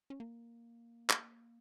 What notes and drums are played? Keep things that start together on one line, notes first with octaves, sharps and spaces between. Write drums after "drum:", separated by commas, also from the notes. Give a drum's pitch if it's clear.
C#4
A#3
drum: clap